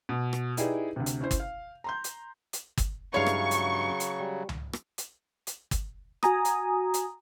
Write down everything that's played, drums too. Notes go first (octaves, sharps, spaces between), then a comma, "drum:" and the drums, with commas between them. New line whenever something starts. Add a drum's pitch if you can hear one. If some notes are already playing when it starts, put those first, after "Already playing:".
B2
drum: rim click
D#4 E4 G4 G#4 B4 D5, drum: hi-hat
D2 C3
drum: hi-hat
C#4 E4 C5
drum: kick, hi-hat
F5
A#5 C6 G6
drum: hi-hat
drum: hi-hat
drum: kick, hi-hat
G2 C#3 F#3 G#3 E4 C#5 F5 C#6
drum: rim click
drum: hi-hat
drum: hi-hat
G3
drum: tom C#2
drum: rim click
drum: hi-hat
drum: hi-hat
drum: kick, hi-hat
F#4 G#5 A#5 D#6, drum: rim click
drum: hi-hat
drum: hi-hat